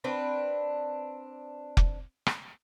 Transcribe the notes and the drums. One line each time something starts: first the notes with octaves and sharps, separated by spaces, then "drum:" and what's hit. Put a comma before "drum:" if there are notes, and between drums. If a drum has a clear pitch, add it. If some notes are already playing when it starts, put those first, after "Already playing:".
C4 D4 B4
drum: kick F1
drum: rim click